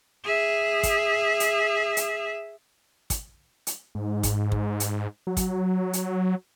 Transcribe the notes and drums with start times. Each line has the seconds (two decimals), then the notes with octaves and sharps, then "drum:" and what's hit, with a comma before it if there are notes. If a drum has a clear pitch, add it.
0.25 G#4 E5
0.83 drum: kick, hi-hat
1.40 drum: hi-hat
1.97 drum: hi-hat
3.10 drum: kick, hi-hat
3.67 drum: hi-hat
3.95 G#2
4.23 drum: kick, hi-hat
4.52 drum: kick
4.80 drum: hi-hat
5.27 F#3
5.37 drum: kick, hi-hat
5.93 drum: hi-hat